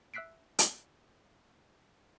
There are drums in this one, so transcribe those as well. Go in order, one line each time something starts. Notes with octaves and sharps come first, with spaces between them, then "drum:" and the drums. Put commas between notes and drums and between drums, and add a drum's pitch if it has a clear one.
E5 E6 F#6 B6 C7 D7
drum: hi-hat